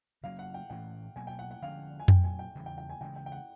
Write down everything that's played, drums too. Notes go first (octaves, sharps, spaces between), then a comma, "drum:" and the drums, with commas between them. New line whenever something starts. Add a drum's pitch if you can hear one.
C#3 F#3 A#3 C#4 F5
F#5
G5
A2 E3 A3 C#4 G5
B2 F#3 A#3 G#5
G5
F#5
F#5
D3 F3 G#3 C#4 F5
G#5
A#2 F#3 A3 C4 G5, drum: tom F2
G#5
G5
E2 C#3 E3 G3
G5
G5
G#5
C#3 E3 G#3 G5
G5
G5
F#5